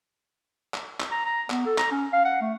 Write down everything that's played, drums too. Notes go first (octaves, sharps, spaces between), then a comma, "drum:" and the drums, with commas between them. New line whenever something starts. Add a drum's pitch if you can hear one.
drum: clap
drum: clap
A#5
A#5
B3, drum: clap
A4
A#5, drum: clap
C#4
F5
F#5
A3